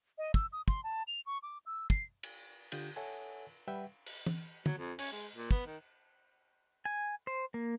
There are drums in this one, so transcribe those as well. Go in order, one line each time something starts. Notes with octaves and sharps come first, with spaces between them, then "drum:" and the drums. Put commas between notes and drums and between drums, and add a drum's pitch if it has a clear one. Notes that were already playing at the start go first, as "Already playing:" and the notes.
D#5
E6, drum: kick
D#6
C6, drum: kick
A5
F7
C#6
D6
E6
C7, drum: kick
drum: cymbal
D3 F4 G4 G6, drum: cymbal
A4 C#5 E5 F#5 G#5
G3 B4 E5 F#5 G5
drum: cymbal
drum: tom
F#3, drum: tom
F2
C#4, drum: cymbal
G#3
A#2
B3, drum: kick
D#3
G#5
C5
A#3